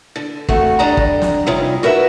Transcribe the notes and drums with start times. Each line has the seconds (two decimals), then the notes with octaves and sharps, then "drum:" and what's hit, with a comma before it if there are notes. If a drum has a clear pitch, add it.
0.16 D3
0.49 C3 A3 F#4, drum: kick
0.79 G3 D4 D#5 A#5
0.97 drum: kick
1.22 drum: snare
1.46 C3 G3 C#4 D#4 F4
1.83 F#4 A#4 B4 E5